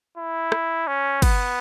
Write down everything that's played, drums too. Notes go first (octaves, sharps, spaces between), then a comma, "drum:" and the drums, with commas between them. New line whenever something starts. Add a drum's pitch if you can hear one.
E4
drum: rim click
C#4
B3, drum: kick, cymbal